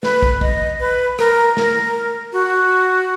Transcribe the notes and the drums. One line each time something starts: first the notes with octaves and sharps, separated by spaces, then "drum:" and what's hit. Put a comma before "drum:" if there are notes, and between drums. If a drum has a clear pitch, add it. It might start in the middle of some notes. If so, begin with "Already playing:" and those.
B4, drum: snare
drum: kick
D#5, drum: kick
B4
A#4, drum: rim click
A#4, drum: snare
F#4